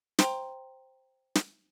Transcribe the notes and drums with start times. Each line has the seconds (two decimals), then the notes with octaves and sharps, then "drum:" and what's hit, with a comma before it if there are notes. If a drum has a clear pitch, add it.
0.19 C5 G5 A#5 C6, drum: snare
1.35 drum: snare